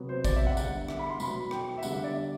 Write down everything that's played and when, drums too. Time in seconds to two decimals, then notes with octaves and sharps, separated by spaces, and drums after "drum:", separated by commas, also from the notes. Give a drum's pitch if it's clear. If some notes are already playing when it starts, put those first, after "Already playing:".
Already playing: C3 F#3 B3
0.09 C5
0.25 D5, drum: kick G#1, tambourine
0.36 E5
0.47 F#5
0.57 D3 G3 B3 F#5, drum: tambourine
0.88 E5, drum: rim click
0.99 B5
1.10 C6
1.20 B2 F#3 B3 B5, drum: tambourine
1.51 G5, drum: rim click
1.78 E5
1.83 D3 G3 B3 F#5, drum: tambourine
1.94 E5
2.04 D5